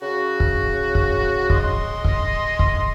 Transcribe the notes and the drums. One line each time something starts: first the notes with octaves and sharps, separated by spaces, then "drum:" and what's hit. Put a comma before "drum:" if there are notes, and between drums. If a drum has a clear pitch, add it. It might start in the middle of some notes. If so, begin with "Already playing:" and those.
C#3 F#4
drum: kick
drum: kick
D#5 C6, drum: kick
drum: kick
drum: kick